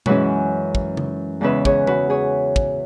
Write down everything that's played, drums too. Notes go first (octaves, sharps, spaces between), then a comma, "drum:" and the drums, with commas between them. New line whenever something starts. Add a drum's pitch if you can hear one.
F#2 E3 G#3 C#4 F#4 B4, drum: tom B2
drum: kick
drum: tom C#3
E2 C#3 G#3 C#4 B4 E5
G#4 C#5, drum: kick
F#4 B4, drum: tom E3
G#4 C#5
drum: kick